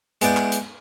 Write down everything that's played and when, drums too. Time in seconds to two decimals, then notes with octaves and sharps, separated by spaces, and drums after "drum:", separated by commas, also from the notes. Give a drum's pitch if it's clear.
0.21 G#3 B3 E4 D5 G5, drum: hi-hat
0.37 drum: clap
0.52 drum: hi-hat